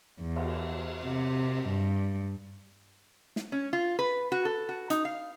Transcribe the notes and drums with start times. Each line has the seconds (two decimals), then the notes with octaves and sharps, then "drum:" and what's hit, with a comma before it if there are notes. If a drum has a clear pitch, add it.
0.20 E2
0.36 drum: cymbal
1.04 C3
1.68 G2
3.36 drum: snare
3.52 C#4
3.73 F4
3.99 B4
4.32 F#4
4.45 A4
4.69 F#4
4.90 D#4, drum: hi-hat
5.05 F5